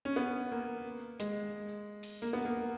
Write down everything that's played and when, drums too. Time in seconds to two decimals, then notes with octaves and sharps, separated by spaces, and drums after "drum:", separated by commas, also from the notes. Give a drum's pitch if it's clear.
0.05 C#4
0.16 B3
0.52 A#3
1.19 G#3, drum: hi-hat
2.03 drum: open hi-hat
2.22 A#3
2.33 B3
2.45 A#3